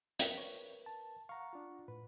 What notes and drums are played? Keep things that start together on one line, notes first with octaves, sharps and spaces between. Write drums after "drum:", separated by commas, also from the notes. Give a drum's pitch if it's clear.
A#4 B4, drum: hi-hat
C#5
A5
F5 F#5 A#5 C#6
D4 F4
A2 B4